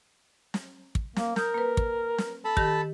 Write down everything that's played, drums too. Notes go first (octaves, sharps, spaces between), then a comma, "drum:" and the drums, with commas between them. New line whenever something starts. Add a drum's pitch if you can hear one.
drum: snare
drum: kick
A#3, drum: snare
A#4 D#6 G6, drum: snare
A#3 B4
drum: kick
drum: snare
A4 A5 B5
D#3 G4 A#6, drum: kick